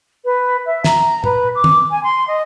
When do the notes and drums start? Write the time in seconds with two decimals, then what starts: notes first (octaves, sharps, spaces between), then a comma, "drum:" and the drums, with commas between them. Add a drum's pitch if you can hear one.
0.24 B4
0.65 E5
0.84 A#5, drum: snare
1.24 B4, drum: tom A#2
1.55 D6
1.64 drum: tom
1.90 G#5
2.03 C6
2.27 D#5